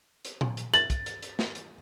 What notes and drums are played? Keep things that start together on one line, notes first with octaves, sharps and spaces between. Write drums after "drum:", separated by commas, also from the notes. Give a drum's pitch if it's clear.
drum: hi-hat
drum: tom A#2
drum: hi-hat
A6 F#7, drum: hi-hat
drum: kick, hi-hat
drum: hi-hat
drum: hi-hat
drum: snare
drum: hi-hat